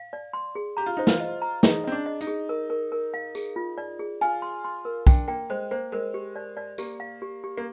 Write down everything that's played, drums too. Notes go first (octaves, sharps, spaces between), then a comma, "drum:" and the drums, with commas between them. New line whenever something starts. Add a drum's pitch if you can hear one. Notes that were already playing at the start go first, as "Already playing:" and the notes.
Already playing: F5
D5
C6
G#4
G4 A#5
F4
D#4 C5
F4, drum: snare
D#5
A#5
D#4 G#4, drum: snare
C4 D#5
D4
D#5
D#4, drum: tambourine
G#4
A#4
A#4
A#4
F5
G#4, drum: tambourine
F4
D5
G#4
F4 G#5
C6
C6
A#4
D4 G5, drum: kick B1, tambourine
A#3 G5
G#3 C5
A#3 C5
G#3 A#4
G4
D5
D5
A#3 G4, drum: tambourine
F5
G4
G4
A#3